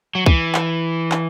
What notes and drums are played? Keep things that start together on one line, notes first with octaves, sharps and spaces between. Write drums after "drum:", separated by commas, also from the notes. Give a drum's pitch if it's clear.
F#3
E3, drum: kick C2
drum: clap
drum: clap